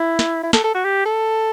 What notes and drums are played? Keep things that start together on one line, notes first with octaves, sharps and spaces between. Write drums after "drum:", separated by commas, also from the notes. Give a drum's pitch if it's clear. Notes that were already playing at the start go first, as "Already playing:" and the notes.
Already playing: E4
drum: snare
E4
A4, drum: snare
A4
F#4
G4
A4